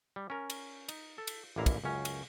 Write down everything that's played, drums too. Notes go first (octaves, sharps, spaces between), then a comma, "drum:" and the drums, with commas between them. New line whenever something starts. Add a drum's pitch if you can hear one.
G3
C#4 A#4
drum: cymbal
D#4, drum: cymbal
A4
drum: cymbal
A1 D#2 A#2 E4 F5 A#5
drum: kick, cymbal
C#2 F#2 C#4
drum: cymbal